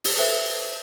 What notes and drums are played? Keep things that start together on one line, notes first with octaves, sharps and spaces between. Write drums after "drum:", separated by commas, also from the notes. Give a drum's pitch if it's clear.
drum: open hi-hat
A4 B4 C5 E5 G5